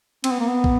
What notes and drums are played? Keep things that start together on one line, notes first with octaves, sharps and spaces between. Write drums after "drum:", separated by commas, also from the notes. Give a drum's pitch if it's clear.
C4, drum: cymbal
B3
A#3
B3
drum: kick